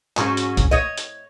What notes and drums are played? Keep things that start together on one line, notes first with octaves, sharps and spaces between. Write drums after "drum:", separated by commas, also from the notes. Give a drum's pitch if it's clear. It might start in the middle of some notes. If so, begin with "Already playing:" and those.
G#2 F#3 C#4, drum: clap
drum: hi-hat
drum: kick, hi-hat
C#5 D#5
drum: hi-hat